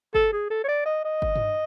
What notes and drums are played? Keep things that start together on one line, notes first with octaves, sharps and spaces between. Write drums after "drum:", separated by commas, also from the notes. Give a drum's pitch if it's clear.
A4, drum: kick G1
G#4
A4
C#5
D5
D#5
D#5
drum: kick G1
drum: tom G2